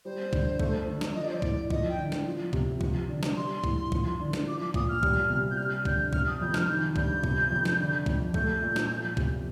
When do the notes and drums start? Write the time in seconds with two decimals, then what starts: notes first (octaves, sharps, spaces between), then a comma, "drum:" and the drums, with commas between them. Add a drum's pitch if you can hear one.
0.05 G3 C5
0.33 D3, drum: kick
0.60 A3, drum: kick
0.88 D3
1.01 drum: snare
1.15 F3 D#5
1.22 D5
1.30 C5
1.36 D5
1.42 A2, drum: kick
1.70 F3 D#5, drum: kick
1.89 G5
1.98 D3
2.12 drum: snare
2.26 F3
2.53 C3, drum: kick
2.81 F3, drum: kick
3.09 D3
3.23 drum: snare
3.37 G3 C6
3.64 A2, drum: kick
3.92 F3, drum: kick
4.20 D3
4.33 drum: snare
4.47 F3 D6
4.61 D6
4.74 A#2 D#6, drum: kick
4.89 F6
5.03 G3, drum: kick
5.30 C3
5.51 G6
5.57 G3 F6
5.85 D3 G6, drum: kick
6.13 C3 F6, drum: kick
6.27 D#6
6.41 F2 G6
6.54 F6, drum: snare
6.68 D#3 G6
6.96 G2 G6, drum: kick
7.24 C3, drum: kick
7.51 F2
7.65 drum: snare
7.79 D3
8.06 F2, drum: kick
8.34 A3 G6, drum: kick
8.62 A#2
8.76 drum: snare
8.89 F3
9.17 C3, drum: kick